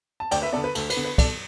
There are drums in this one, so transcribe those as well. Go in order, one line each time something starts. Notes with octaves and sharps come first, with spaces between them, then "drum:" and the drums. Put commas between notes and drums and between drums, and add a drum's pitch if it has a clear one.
A5
D2 D5 G5, drum: cymbal
B4 E5
D3 B3 A4 D5
B4
D2 A4, drum: cymbal
B4, drum: cymbal
D3 B3
B4
B2 A4 D5, drum: kick, cymbal